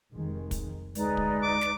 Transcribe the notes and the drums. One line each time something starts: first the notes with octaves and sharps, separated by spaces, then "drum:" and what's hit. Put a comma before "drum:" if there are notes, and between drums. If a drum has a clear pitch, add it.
F1 D#3 G#3
drum: kick, hi-hat
D2 G#3 D#4 B4 D5, drum: hi-hat
drum: kick
D6
drum: snare